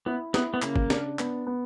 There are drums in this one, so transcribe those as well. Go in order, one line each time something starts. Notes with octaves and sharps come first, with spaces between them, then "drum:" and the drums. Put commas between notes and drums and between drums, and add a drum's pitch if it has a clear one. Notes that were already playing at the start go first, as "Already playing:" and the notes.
B3 E4
B3 E4, drum: snare
B3
C#3 A#3, drum: clap
drum: kick G1
D4, drum: snare
B3, drum: clap
B3